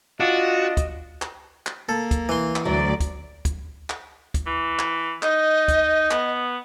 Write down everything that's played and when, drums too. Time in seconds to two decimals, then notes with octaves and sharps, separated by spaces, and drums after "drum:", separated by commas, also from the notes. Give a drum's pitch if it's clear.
0.20 D4 F4 F#4 D#5
0.77 drum: kick, hi-hat
1.22 drum: clap
1.66 drum: clap
1.89 A#3 A4
2.11 drum: kick, hi-hat
2.29 E3 C6
2.56 drum: clap
2.65 D2 F#3 D5
3.00 drum: kick, hi-hat
3.45 drum: kick, hi-hat
3.90 drum: clap
4.34 drum: kick, hi-hat
4.46 E3
4.79 drum: clap
5.22 D#4 D#5, drum: clap
5.68 drum: kick, hi-hat
6.11 B3, drum: clap